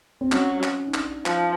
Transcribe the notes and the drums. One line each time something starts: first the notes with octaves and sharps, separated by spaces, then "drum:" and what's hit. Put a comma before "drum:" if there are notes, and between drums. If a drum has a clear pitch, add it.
C4
F#3 C#4, drum: clap
drum: clap
D#4
D4, drum: clap
F3, drum: clap